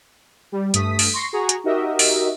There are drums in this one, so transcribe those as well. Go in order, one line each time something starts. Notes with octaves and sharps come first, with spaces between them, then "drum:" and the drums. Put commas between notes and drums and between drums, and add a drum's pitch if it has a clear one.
G3
G2 A3 D#6 B6, drum: hi-hat
drum: open hi-hat
C6 C#6 A#6 C7
F#4 G#4 A#5 C#6
drum: hi-hat
D#4 F#4 G4 A#4 D#5 E5
drum: open hi-hat